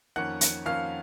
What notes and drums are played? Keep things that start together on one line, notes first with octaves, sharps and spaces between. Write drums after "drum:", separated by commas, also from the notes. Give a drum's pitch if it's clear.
F2 D#3 A#3 C#4 F#5 F#6
drum: hi-hat
F2 D#3 A#3 C#4 F5 F6